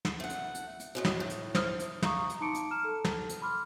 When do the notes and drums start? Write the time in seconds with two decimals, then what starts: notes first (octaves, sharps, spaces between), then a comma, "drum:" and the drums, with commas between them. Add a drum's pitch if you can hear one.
0.05 drum: snare
0.20 A3 F#5
0.30 drum: hi-hat
0.55 drum: hi-hat
0.80 drum: hi-hat
0.95 F#2 A2 G#3
1.05 drum: snare
1.20 A2
1.30 drum: hi-hat
1.55 C5 D#6 F6, drum: snare
1.80 drum: hi-hat
2.02 F5 A#5 C#6 D#6, drum: snare
2.30 drum: hi-hat
2.40 D#4 A5 C6 D6 C#7 D7
2.55 drum: hi-hat
2.71 A#5 F6 E7
2.84 A4 A5
3.05 drum: snare
3.30 drum: hi-hat
3.42 B5 C6 D6 F6